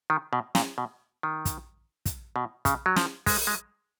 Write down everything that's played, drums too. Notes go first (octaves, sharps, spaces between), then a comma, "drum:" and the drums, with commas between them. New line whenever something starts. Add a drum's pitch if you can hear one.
D#3
B2
A#2, drum: snare
B2
D#3
drum: kick, hi-hat
drum: kick, hi-hat
B2
C#3, drum: kick, hi-hat
F#3
F3, drum: snare
G#3, drum: kick, open hi-hat
G#3